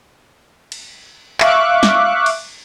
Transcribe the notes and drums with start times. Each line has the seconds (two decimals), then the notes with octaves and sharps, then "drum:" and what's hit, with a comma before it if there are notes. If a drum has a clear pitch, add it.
0.72 drum: cymbal
1.40 E5 F5 C#6 D6 F#6, drum: clap
1.83 drum: snare
2.26 drum: cymbal